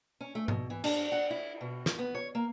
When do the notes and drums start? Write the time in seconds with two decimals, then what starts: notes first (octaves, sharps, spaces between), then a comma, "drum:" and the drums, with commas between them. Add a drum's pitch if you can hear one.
0.21 C#4
0.35 A3
0.48 B2, drum: tom G#2
0.70 E3
0.84 D4, drum: cymbal
1.12 F#5
1.30 E4
1.61 B2
1.86 drum: snare
1.98 B3
2.15 C#5
2.35 A#3